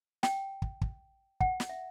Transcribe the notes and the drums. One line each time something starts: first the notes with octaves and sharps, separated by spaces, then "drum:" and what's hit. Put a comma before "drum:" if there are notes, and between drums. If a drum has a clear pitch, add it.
G5, drum: snare
drum: kick
drum: kick
F#5, drum: kick
drum: snare
E5